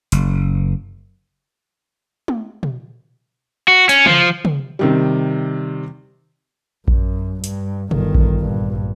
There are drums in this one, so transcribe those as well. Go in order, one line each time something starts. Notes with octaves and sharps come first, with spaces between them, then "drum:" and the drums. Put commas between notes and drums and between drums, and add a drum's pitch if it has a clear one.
F#1, drum: hi-hat
drum: tom
drum: tom
F#4
C#4, drum: hi-hat
F3, drum: tom
drum: tom
C3 D#3 G3
F#2, drum: kick A#1
G2, drum: hi-hat
G1 D#3, drum: tom
drum: kick A#1
A#1 G2